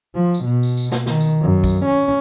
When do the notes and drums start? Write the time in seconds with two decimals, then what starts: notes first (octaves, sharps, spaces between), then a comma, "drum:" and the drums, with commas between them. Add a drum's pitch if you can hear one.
0.15 F3
0.34 drum: tambourine
0.45 B2
0.63 drum: tambourine
0.77 drum: tambourine
0.92 drum: snare
1.06 D#3, drum: snare
1.21 drum: tambourine
1.42 F#2
1.64 drum: kick, tambourine
1.86 C#4